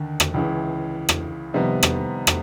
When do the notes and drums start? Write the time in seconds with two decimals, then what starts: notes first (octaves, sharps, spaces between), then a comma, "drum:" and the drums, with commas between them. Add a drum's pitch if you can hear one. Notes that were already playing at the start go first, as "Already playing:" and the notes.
Already playing: D#2 D3
0.20 drum: rim click
0.34 C#2 C#3 E3
1.09 drum: rim click
1.54 F2 C3 D#3 G3 B3
1.83 drum: rim click
2.27 drum: rim click